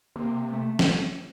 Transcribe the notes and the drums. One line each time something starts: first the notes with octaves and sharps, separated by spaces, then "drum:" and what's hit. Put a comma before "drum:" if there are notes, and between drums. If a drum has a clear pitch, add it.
C3 A#3
A3
drum: snare